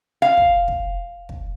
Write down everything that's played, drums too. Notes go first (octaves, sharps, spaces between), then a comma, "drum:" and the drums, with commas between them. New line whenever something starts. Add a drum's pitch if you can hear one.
F5
drum: kick
drum: kick
drum: kick